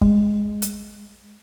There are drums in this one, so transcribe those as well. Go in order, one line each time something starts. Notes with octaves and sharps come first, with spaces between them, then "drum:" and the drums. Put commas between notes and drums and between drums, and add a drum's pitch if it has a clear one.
G#3, drum: kick
drum: hi-hat